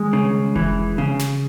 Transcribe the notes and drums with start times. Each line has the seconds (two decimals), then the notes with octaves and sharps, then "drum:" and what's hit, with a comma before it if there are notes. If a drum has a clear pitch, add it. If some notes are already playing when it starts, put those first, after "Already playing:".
Already playing: G#3
0.13 C#3
0.55 E3, drum: kick F1
0.98 C#3
1.19 drum: snare